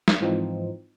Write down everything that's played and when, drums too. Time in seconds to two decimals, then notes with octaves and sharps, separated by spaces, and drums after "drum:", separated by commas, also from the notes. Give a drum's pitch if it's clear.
0.08 drum: snare
0.20 G#2 E3 F3 C4 D#4